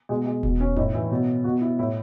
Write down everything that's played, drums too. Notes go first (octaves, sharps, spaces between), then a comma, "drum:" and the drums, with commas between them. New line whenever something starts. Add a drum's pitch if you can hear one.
B2 G#3
G#3
B2, drum: kick E1
C#4
A2 D#4, drum: tom F2
E3 E4
B2
B2 F#4
E4
A2 E4